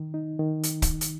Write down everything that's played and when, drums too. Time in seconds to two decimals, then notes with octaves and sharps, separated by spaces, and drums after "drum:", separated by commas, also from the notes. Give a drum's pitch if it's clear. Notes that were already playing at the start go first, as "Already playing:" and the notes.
Already playing: D#3
0.14 D#4
0.39 D#3
0.63 drum: hi-hat
0.82 drum: kick, hi-hat
1.01 drum: hi-hat